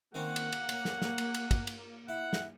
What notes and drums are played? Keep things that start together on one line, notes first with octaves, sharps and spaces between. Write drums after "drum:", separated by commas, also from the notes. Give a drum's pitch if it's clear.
D#3 A#3 C4 C#4 F#5
drum: cymbal
drum: cymbal
C#5, drum: cymbal
drum: snare
drum: snare
drum: cymbal
drum: cymbal
drum: kick, cymbal
drum: cymbal
E4 F#5
drum: snare